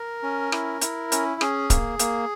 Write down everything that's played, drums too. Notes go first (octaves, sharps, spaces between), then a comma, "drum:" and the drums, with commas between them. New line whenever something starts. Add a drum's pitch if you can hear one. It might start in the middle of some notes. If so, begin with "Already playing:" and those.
Already playing: A#4
C#4
E4, drum: rim click
E4, drum: hi-hat
C#4, drum: hi-hat
C#4 G#4, drum: rim click
A#3, drum: kick C#1, hi-hat
A#3, drum: hi-hat